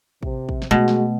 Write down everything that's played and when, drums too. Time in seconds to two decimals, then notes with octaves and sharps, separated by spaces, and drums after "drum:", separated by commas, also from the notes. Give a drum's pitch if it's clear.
0.23 C3, drum: kick
0.49 drum: kick
0.62 drum: snare
0.71 B2 G#3 A3 F#4
0.88 drum: snare